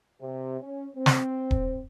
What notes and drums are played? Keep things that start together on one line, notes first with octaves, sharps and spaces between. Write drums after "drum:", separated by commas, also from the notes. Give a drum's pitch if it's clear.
C3
C#4
C4
drum: snare
drum: kick D#1